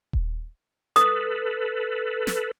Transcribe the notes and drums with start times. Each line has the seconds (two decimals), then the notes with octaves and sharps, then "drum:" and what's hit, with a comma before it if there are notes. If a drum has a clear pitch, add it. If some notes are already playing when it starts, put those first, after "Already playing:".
0.13 drum: kick D#1
0.96 A4 B4 D#6, drum: hi-hat
2.27 drum: snare